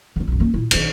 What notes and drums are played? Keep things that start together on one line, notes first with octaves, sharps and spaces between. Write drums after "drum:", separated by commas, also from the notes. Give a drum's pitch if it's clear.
D3 C4
B1 F#2
A#3 C#4
A#2 E4
B1 D#3, drum: cymbal